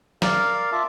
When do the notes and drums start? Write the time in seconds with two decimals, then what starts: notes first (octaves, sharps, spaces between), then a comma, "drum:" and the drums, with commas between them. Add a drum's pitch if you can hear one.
0.22 A#4 D5 F5, drum: snare
0.72 F4 E5 A5 D6